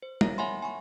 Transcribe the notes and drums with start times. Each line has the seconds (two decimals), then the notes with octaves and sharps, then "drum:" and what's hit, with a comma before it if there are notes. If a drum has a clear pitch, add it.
0.02 C5
0.21 A#4 C#5 E5 F5 A#5 A#6, drum: tom
0.38 C#5 E5 F#5 G#5 B5 C6
0.62 G#5 B5 C#6